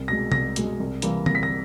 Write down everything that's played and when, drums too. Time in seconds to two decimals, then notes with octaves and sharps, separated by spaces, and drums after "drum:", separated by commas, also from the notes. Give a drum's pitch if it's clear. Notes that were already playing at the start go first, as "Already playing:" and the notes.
Already playing: C2
0.08 B2 G#3 A#6
0.32 C2 A#6, drum: tom
0.56 B2 G#3, drum: hi-hat
0.80 C2
1.02 C3 E3 G3 A#3, drum: hi-hat
1.26 C2 A#6, drum: tom D3
1.35 B6
1.43 A#6